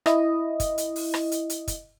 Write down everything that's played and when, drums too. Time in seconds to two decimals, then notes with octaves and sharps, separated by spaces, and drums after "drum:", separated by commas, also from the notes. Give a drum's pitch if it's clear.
0.06 E4 D#5, drum: rim click
0.60 drum: kick, hi-hat
0.78 drum: hi-hat
0.96 drum: open hi-hat
1.14 drum: rim click
1.32 drum: hi-hat
1.50 drum: hi-hat
1.68 drum: kick, hi-hat